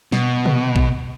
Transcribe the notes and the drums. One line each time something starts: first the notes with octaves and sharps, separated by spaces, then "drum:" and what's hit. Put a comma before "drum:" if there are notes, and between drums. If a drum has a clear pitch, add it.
B2, drum: snare
drum: tom
drum: kick